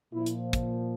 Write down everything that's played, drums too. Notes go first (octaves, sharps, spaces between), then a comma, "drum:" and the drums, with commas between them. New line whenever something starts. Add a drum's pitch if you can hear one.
A#2 F3 E4
drum: hi-hat
drum: kick, hi-hat